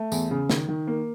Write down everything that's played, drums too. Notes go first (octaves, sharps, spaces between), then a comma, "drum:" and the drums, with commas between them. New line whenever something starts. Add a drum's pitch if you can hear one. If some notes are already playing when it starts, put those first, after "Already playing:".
Already playing: A3
E2, drum: tambourine
C#3
D#3, drum: snare
D#3
A#3